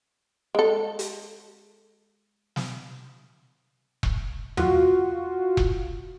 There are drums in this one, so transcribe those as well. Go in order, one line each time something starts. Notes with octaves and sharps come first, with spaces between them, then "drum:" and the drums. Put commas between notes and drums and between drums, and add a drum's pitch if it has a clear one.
G#3 A4
drum: hi-hat
drum: snare
drum: kick E1
F4 F#4, drum: tom E2
drum: kick E1